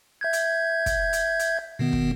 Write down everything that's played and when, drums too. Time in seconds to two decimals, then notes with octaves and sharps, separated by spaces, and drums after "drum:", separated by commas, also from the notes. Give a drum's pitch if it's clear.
0.21 E5 G6 G#6
0.33 drum: hi-hat
0.86 drum: kick, hi-hat
1.13 drum: hi-hat
1.39 drum: hi-hat
1.79 B2 D#3 B3
1.93 drum: kick